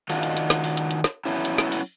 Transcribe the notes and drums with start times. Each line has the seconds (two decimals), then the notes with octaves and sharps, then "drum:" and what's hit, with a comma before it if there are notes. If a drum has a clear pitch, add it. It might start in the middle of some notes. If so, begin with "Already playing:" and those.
0.10 D#3 D4 D#4 F4 F#4, drum: open hi-hat
0.23 drum: hi-hat
0.37 drum: hi-hat
0.50 drum: snare
0.64 drum: open hi-hat
0.77 drum: hi-hat
0.91 drum: hi-hat
1.04 drum: snare
1.25 F#3 A3 B3 C#4 E4
1.45 drum: hi-hat
1.58 drum: snare
1.72 drum: open hi-hat